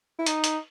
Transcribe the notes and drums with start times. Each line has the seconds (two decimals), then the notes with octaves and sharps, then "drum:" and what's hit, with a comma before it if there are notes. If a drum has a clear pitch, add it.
0.19 E4
0.26 D#4, drum: hi-hat
0.44 drum: hi-hat